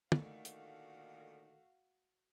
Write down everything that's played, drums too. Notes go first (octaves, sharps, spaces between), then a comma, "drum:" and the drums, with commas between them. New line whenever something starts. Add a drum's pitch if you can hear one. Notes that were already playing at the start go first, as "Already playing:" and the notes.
A#2 D3 D#3 A3 F#4 F5, drum: tom
drum: hi-hat